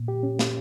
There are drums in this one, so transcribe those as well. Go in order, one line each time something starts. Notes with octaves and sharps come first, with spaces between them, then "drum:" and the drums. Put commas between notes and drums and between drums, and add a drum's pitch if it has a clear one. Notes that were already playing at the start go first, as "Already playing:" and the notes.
Already playing: A#2
G4
C#4
drum: snare